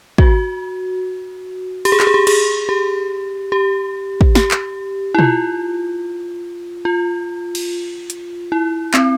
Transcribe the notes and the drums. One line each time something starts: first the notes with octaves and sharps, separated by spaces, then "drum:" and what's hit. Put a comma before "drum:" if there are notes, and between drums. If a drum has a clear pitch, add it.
F#4, drum: kick
G4, drum: cymbal
G#4
G4, drum: clap
G#4
G4
G#4, drum: cymbal
G4
G4
drum: kick
G4, drum: snare
drum: clap
E4
F4, drum: tom B2
F4
drum: cymbal
drum: hi-hat
E4
C4, drum: clap